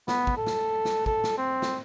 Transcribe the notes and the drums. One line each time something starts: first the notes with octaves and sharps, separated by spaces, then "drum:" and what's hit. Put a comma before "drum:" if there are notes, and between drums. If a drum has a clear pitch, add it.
B3, drum: snare
drum: kick
A4
drum: snare
drum: snare
A4, drum: kick
drum: snare
C4
drum: snare